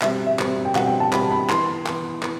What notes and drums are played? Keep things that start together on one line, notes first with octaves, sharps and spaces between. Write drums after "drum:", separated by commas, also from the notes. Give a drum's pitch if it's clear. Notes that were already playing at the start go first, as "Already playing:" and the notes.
B2 G3 C4 E5, drum: clap
E5
B2 G3 C4, drum: clap
G5
B2 G3 C4 F#5, drum: clap
G5
A5
B2 G3 C4 B5, drum: clap
B5
E3 B3 C6, drum: clap
E3 B3, drum: clap
E3 B3, drum: clap